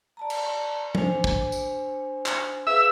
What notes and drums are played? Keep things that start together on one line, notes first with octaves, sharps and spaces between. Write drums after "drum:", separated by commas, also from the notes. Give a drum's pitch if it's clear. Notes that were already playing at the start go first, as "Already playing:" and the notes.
D5 A5 A#5
drum: cymbal
D4 C5 G#5, drum: tom F3
drum: kick
drum: tambourine
drum: clap
G#4 B4 E5 F5 E6